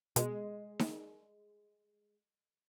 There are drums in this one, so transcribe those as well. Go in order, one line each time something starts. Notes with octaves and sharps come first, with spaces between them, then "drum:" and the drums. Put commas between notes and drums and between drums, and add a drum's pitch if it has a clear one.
B2 G#3, drum: hi-hat
drum: snare D#4